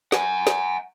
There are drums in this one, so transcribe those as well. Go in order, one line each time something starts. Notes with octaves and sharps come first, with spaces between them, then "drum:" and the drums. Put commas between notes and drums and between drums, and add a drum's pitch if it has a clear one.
F#5 G#5, drum: snare
drum: snare